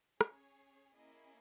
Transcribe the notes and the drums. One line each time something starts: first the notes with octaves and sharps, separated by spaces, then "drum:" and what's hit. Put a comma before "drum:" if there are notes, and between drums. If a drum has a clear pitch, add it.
C#4 G#4 C#5, drum: rim click
A#3 C#4 E4 G#4 D#5